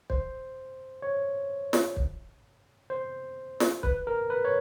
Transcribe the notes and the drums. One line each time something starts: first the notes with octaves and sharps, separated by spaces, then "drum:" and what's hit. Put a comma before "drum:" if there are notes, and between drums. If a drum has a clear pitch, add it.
C5, drum: kick
C#5
drum: snare
drum: kick
C5
drum: snare
B4, drum: kick
A#4
B4
C#5